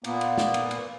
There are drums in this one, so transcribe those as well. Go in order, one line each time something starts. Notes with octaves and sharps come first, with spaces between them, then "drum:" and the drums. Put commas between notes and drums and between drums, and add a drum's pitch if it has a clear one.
A#2 A#3 B3, drum: cymbal
drum: cymbal
drum: snare
drum: cymbal
drum: cymbal